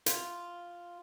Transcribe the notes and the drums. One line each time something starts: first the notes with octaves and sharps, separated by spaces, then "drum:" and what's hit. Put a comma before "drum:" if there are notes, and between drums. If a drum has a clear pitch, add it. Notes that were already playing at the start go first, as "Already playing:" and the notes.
F4, drum: hi-hat